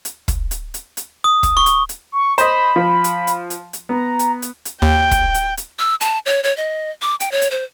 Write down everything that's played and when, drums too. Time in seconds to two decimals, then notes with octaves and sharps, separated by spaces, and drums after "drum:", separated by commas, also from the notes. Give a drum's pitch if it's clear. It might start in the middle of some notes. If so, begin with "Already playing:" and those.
0.05 drum: hi-hat
0.28 drum: kick, hi-hat
0.51 drum: hi-hat
0.74 drum: hi-hat
0.97 drum: hi-hat
1.24 D#6
1.43 drum: kick, hi-hat
1.57 C#6
1.66 drum: hi-hat
1.89 drum: hi-hat
2.12 C#6
2.38 C5 D#5 B5, drum: hi-hat
2.76 F3
3.04 drum: hi-hat
3.27 drum: hi-hat
3.50 drum: hi-hat
3.73 drum: hi-hat
3.89 B3 A#5
4.19 drum: hi-hat
4.42 drum: hi-hat
4.65 drum: hi-hat
4.82 D#2 G5
5.11 drum: kick, hi-hat
5.34 drum: hi-hat
5.57 drum: hi-hat
5.79 E6
6.01 A5, drum: hi-hat
6.26 C#5
6.43 C#5
6.57 D#5
7.02 D6
7.20 G5, drum: hi-hat
7.32 C#5
7.42 drum: hi-hat
7.51 C5